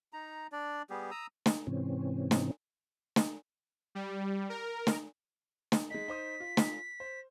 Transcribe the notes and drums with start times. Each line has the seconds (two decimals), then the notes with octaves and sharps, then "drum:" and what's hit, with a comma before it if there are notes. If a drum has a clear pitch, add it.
0.13 D#4 A#5
0.52 D4 D5
0.90 G3 B3 G4 G#4
1.11 A#5 D#6 E6
1.46 drum: snare
1.67 G#2 C3 E3 C4 C#4
2.31 drum: snare
3.16 drum: snare
3.95 G3
4.49 A#4
4.87 drum: snare
5.72 drum: snare
5.90 G#3 D#4 B6
6.08 D#4 C5 D#6
6.40 F4
6.57 drum: snare
7.00 C5